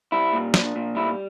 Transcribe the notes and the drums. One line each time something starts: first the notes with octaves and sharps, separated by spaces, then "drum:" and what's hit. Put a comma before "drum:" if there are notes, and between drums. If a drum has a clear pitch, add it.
G3 E4
A#2
D4, drum: snare
A#2
G3 E4